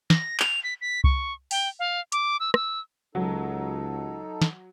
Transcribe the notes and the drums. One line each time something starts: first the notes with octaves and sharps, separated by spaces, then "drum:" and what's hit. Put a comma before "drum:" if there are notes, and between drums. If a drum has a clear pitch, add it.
A#6, drum: snare
F7, drum: clap
B6
B6
C#6, drum: kick C2
G5, drum: open hi-hat
F5
D6, drum: hi-hat
E6
E6, drum: rim click
C#2 F#3 D#4 A4
drum: snare